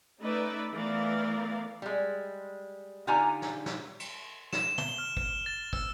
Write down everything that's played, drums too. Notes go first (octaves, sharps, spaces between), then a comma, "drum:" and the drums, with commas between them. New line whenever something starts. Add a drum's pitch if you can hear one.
A3 C#4 D#4 B4 D5 E5
E3 A3 B3 A#4 D5 F5
G3 G#3
D3 D#4 F4 G4 G#5 A#5
drum: snare
drum: snare
drum: cymbal
E7, drum: snare
G7, drum: tom
F6
drum: kick
A6
E6, drum: kick